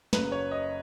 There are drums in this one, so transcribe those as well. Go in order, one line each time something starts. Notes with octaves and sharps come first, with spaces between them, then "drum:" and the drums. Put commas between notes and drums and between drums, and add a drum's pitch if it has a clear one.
F#1 F#2 C#3 B4, drum: snare
C#5
D#5